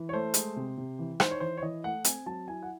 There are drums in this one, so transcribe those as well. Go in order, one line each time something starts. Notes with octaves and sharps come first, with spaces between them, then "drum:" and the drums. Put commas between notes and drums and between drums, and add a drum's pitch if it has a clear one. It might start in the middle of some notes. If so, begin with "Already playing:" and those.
Already playing: E3
C#5
A3 C5
G#3, drum: hi-hat
C3
C3
E3
D#4 C5, drum: rim click
C#5
E3 C5
C#5
E3 D#5
A3 F#5
C4 G#5, drum: hi-hat
F#3 A5
E4 G#5
F#5